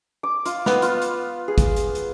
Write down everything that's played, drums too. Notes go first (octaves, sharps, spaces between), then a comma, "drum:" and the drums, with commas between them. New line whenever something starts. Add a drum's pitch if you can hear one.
D6
F4, drum: hi-hat
B3, drum: snare
F4, drum: hi-hat
drum: hi-hat
G#4
drum: kick, hi-hat
drum: hi-hat
drum: hi-hat